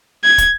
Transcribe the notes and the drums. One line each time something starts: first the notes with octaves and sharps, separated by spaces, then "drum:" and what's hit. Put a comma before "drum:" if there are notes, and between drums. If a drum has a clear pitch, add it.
G#6
drum: kick, hi-hat